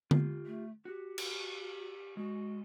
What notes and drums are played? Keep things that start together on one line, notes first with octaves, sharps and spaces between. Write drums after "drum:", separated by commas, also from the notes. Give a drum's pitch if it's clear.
F4 G4, drum: tom D3
A3
F#4 G4
drum: cymbal
G#3 F#4